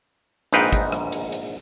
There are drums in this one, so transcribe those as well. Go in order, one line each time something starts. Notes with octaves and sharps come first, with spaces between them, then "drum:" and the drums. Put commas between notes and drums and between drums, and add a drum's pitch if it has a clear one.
A#1 G#2 D#4 B4 F5 G5, drum: hi-hat
drum: kick, hi-hat
drum: rim click
drum: hi-hat
drum: hi-hat